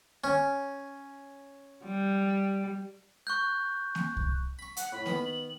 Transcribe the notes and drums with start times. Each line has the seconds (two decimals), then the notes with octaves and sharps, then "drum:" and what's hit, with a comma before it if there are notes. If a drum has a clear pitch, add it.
0.24 C#4
1.84 G3
3.27 C#6 F#6 G6
3.95 drum: snare A#3
4.17 drum: kick C2
4.59 B5 C#6
4.77 F#5, drum: hi-hat
4.92 A2 B5
5.06 D#3 B3, drum: snare A#3
5.25 F#7